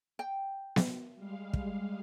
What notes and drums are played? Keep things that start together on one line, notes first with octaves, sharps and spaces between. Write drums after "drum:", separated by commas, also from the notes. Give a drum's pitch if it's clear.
G5
drum: snare B3
G3 G#3 F5
drum: kick